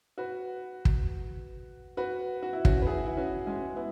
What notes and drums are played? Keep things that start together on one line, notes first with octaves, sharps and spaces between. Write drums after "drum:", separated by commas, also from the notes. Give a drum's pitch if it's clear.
F#4 B4
drum: kick
F#4 B4
F#4
E4
C#4 F#4, drum: kick
B4
E4 G#4
E4
C#4 F#4
G#3 C#4
B3 E4